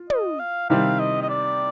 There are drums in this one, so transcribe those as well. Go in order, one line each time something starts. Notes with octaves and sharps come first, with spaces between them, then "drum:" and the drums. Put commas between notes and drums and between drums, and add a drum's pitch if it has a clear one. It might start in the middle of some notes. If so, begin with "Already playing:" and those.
Already playing: F4
D#5, drum: tom
F5
C3 D#3 G3 C4 F5
D#5
D#5
D5